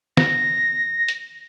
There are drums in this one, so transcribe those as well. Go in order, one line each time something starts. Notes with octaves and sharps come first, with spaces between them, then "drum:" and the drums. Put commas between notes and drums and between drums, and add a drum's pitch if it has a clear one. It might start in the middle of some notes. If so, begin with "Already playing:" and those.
A#6, drum: snare
drum: hi-hat